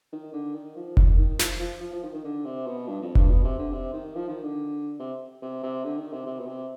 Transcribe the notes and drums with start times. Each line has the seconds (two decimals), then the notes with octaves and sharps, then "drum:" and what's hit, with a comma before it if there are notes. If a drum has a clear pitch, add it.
0.12 D#3
0.33 D3
0.54 D#3
0.76 F3
0.97 D#3, drum: kick F1
1.18 D#3
1.39 F3, drum: snare
1.60 F3
1.80 F3
1.93 F3
2.03 D#3
2.14 D#3
2.24 D3
2.45 C3
2.66 B2
2.87 G2
3.02 F2
3.15 G2, drum: kick F1
3.30 B2
3.44 C3
3.58 D3
3.72 C3
3.93 D#3
4.15 F3
4.29 D#3
4.43 D3
4.99 C3
5.42 C3
5.63 C3
5.84 D3
5.98 D#3
6.12 C3
6.26 C3
6.39 B2
6.47 C3